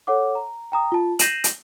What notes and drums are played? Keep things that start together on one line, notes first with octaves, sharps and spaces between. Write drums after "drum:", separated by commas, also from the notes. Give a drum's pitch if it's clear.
A4 C#5 F#5 D6
A#5
G5 A#5 D#6
F4 A5
G6 A#6 C7 D#7 E7 F#7, drum: hi-hat
drum: hi-hat